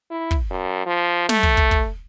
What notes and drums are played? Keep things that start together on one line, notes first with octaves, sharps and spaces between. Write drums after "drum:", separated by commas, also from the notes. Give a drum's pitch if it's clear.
E4
drum: kick
F#2
F3
A3, drum: snare
drum: kick
drum: kick
drum: kick